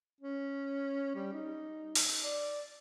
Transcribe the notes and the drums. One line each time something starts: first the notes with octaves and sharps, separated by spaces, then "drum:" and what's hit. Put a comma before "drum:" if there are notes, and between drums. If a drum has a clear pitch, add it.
C#4
G3
D#4
drum: open hi-hat
D5